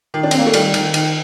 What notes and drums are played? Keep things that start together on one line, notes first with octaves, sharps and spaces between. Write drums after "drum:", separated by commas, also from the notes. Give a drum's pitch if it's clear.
D#3
D4
C4, drum: cymbal
A#3
A3
D#3 G3, drum: cymbal
D#3, drum: cymbal
D#3, drum: cymbal